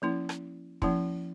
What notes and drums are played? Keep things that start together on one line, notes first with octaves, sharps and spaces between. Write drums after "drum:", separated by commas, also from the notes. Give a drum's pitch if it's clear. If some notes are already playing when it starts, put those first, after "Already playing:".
F3 A#3 C#4 E4
drum: rim click
F3 A#3 C#4 E4, drum: kick